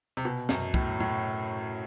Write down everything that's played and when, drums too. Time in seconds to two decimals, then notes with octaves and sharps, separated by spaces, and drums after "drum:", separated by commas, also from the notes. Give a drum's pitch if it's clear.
0.17 C3
0.25 B2
0.49 F#2, drum: snare
0.74 A2, drum: kick
1.00 A2